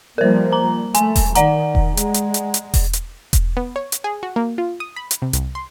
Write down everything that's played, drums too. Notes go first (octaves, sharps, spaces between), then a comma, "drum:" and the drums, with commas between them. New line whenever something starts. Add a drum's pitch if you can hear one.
F3 G3 A#3 A#4 C5
A#5
A3 G#5, drum: hi-hat
drum: kick E1, open hi-hat
D#3 D5 F#5 A#5, drum: hi-hat
drum: kick E1
G#3, drum: hi-hat
drum: hi-hat
drum: hi-hat
drum: hi-hat
drum: kick E1, open hi-hat
drum: hi-hat
drum: kick E1, hi-hat
B3
C#5
drum: hi-hat
G#4
F#4
A#3
F4
D#6
B5
drum: hi-hat
C3
C2, drum: hi-hat
C6